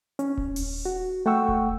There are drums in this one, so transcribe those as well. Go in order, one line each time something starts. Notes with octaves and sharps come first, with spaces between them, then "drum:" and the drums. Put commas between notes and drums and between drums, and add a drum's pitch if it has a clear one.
C#4, drum: hi-hat
drum: kick D#1
drum: open hi-hat
F#4
A3 F#5 G5 C#6 E6
drum: kick D#1